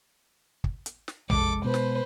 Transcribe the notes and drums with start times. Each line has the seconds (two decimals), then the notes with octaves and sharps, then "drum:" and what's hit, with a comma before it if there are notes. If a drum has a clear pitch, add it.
0.64 drum: kick
0.86 drum: hi-hat
1.08 drum: snare
1.30 F1 G#3 A4 D6, drum: tom A#1
1.65 B2 G#3 B4 C5
1.74 drum: snare